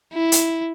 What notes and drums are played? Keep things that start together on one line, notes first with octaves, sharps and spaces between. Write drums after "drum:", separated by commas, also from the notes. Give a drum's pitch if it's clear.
E4
drum: hi-hat